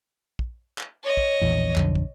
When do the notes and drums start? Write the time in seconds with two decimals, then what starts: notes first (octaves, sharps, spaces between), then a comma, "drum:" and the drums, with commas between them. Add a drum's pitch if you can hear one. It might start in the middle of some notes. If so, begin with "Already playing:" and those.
0.39 drum: kick
0.78 drum: clap
1.03 C#5 D#5
1.17 drum: kick
1.41 E1 A#1 E2
1.76 B1 F2 D3, drum: clap
1.95 drum: kick